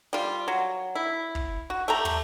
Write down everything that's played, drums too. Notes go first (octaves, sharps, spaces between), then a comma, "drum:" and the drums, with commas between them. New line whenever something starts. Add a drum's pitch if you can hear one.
G3 F4
F#3
E4
drum: kick
F#4
A3 G4 A#5
drum: tom